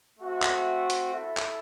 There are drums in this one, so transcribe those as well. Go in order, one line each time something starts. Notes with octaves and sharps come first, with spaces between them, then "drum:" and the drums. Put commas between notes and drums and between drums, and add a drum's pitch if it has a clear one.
A3 C4 F#4 A4 E5
drum: clap
drum: hi-hat
E4 A4 E5
drum: clap